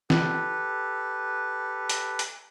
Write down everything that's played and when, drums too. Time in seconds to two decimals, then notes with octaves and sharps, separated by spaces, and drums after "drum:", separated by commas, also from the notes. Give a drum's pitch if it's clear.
0.10 G4 A4 B4, drum: snare
1.89 drum: hi-hat
2.19 drum: hi-hat